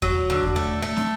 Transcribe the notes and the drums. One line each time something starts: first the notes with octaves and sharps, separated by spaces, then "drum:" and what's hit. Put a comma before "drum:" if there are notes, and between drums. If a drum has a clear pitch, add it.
F#3, drum: kick E2
D3
drum: kick E2
A3
A3
drum: snare